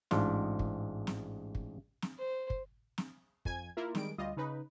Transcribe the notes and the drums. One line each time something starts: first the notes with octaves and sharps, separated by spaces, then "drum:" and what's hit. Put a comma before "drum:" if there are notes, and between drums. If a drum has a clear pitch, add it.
A1 G#2 D4 F4, drum: snare
drum: kick
drum: snare
drum: kick
drum: snare
C5
drum: kick
drum: snare
F2 G#5 G#6, drum: kick
A#3 E4 F4 A#4
D#3 G3 G#3 D7, drum: snare
D2 G3 F4 D#5
C#3 D#4 B4